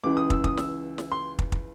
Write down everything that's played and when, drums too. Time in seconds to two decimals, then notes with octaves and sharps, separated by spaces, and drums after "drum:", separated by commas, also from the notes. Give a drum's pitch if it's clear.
0.03 C#2 C#3 E3 D6
0.17 D#6
0.30 E6, drum: kick
0.44 D#6, drum: kick
0.57 E6, drum: snare
0.98 drum: snare
1.12 C6
1.39 drum: kick
1.52 drum: kick